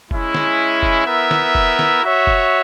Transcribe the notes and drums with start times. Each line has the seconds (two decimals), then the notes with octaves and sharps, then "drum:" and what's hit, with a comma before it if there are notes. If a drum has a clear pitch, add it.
0.11 G#3 C#4 E4, drum: kick F1
0.35 drum: snare
0.83 drum: kick F1
1.06 B3 E4 A#4 E5
1.31 drum: snare
1.55 drum: kick F1
1.79 drum: snare
2.03 F#4 C#5 E5
2.27 drum: kick F1